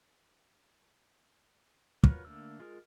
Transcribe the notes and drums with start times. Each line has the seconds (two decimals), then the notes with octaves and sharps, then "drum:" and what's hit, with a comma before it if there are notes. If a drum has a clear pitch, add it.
2.04 F4 F#4 A#4 B4 C#5, drum: kick
2.25 D3 A3 A#3 E6
2.60 G#3 F4 G#4 A#4